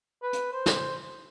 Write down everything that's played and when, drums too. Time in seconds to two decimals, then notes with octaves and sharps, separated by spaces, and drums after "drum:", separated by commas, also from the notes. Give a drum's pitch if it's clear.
0.22 B4
0.33 drum: hi-hat
0.53 C5
0.66 drum: snare